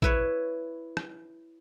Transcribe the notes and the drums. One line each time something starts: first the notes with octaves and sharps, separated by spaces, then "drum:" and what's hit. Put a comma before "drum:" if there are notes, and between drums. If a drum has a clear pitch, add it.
E4 B4 C#5, drum: kick
drum: rim click